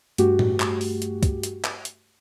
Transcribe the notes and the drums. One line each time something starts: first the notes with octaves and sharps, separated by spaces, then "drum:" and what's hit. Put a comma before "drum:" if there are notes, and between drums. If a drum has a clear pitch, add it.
G2 A3 F#4 G4, drum: hi-hat
drum: tom
drum: clap
drum: open hi-hat
drum: hi-hat
drum: kick, hi-hat
drum: hi-hat
drum: clap
drum: hi-hat